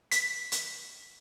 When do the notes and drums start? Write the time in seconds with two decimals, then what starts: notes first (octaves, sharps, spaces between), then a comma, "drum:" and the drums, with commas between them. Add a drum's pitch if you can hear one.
0.12 B6, drum: hi-hat
0.52 drum: hi-hat